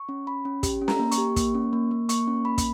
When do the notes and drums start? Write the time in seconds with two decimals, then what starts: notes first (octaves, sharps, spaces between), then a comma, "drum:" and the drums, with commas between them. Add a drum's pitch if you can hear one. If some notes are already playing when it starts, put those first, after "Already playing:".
Already playing: C#6
0.09 C#4
0.27 C#4 B5
0.45 C#4
0.63 G4, drum: kick, hi-hat
0.81 C#4
0.88 A#5, drum: snare
0.99 A#3
1.11 C#6, drum: hi-hat
1.18 G4
1.36 A#3, drum: kick, hi-hat
1.55 C#4
1.73 A#3
1.91 A#3
2.09 A#3 C#6, drum: hi-hat
2.28 C#4
2.45 A#3 B5
2.58 drum: kick, hi-hat